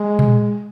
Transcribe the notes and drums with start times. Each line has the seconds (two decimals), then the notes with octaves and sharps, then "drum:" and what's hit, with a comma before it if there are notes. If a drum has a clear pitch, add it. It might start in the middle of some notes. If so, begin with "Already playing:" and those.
Already playing: G#3
0.19 drum: tom A#2